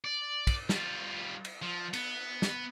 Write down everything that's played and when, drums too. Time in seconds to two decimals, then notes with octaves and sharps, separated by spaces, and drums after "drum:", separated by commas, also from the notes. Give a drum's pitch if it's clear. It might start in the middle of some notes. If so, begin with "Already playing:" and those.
0.05 D5
0.47 drum: kick, cymbal
0.69 G3 F4, drum: snare
1.45 drum: cymbal
1.62 F3
1.93 B3, drum: cymbal
2.42 drum: snare